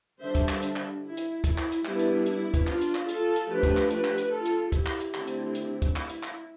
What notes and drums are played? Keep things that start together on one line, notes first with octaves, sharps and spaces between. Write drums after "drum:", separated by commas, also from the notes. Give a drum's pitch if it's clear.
D3 G3 D4 C5 E5
drum: kick, hi-hat
drum: clap
drum: hi-hat
drum: clap
E4
drum: hi-hat
E4, drum: kick, hi-hat
drum: clap
drum: hi-hat
G3 B3 D4 E4, drum: clap
drum: hi-hat
E4, drum: hi-hat
drum: kick, hi-hat
D4 F4, drum: clap
drum: hi-hat
drum: clap
F4 A4, drum: hi-hat
drum: hi-hat
F3 A3 D4 G4 B4
drum: kick, hi-hat
drum: clap
G4 B4, drum: hi-hat
drum: clap
drum: hi-hat
F4 A4
drum: hi-hat
E4 G4, drum: kick, hi-hat
drum: clap
drum: hi-hat
D3 A3 C4, drum: clap
drum: hi-hat
drum: hi-hat
drum: kick, hi-hat
E4, drum: clap
drum: hi-hat
drum: clap